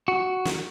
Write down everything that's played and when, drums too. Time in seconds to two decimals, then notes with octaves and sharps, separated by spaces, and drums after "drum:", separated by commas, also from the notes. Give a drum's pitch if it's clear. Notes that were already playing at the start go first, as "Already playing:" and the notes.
0.08 F#4
0.45 drum: snare